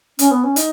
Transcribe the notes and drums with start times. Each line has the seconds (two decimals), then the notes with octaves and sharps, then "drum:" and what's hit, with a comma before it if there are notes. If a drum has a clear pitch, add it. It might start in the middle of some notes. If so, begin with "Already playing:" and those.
0.19 C#4, drum: hi-hat
0.31 B3
0.44 C#4
0.56 D#4, drum: hi-hat